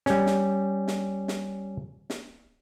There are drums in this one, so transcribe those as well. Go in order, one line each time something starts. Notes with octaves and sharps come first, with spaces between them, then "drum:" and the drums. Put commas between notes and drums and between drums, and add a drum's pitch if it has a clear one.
G3 C#4, drum: snare
drum: snare
drum: snare
drum: snare
drum: snare